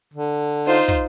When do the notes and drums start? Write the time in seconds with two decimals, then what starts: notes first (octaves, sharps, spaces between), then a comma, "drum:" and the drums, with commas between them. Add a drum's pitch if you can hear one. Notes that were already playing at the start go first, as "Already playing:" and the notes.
0.13 D3
0.66 D#4 F4 C5
0.88 drum: kick